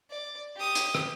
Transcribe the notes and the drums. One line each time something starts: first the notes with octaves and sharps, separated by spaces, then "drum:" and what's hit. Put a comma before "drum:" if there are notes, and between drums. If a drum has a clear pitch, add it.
D5
G4 D#6
drum: hi-hat
drum: rim click